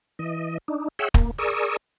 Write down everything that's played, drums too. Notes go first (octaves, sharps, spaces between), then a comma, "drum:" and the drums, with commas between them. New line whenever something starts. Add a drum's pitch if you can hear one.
E3 D#5
D4 D#4
G#4 C#5 E5 F#5 G5 E6
A#3, drum: kick
G#4 A#4 D5 C#6 D#6 E6